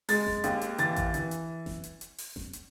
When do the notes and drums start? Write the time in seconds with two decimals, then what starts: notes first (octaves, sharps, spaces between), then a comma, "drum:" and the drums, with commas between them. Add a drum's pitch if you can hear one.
0.09 G#3 A6, drum: open hi-hat
0.27 drum: snare F#1
0.44 D#2, drum: hi-hat
0.61 drum: hi-hat
0.78 E3 A6, drum: hi-hat
0.96 drum: kick A1, hi-hat
1.14 E3, drum: hi-hat
1.31 drum: hi-hat
1.66 drum: snare F#1
1.84 drum: hi-hat
2.01 drum: hi-hat
2.18 drum: open hi-hat
2.36 drum: snare F#1
2.53 drum: hi-hat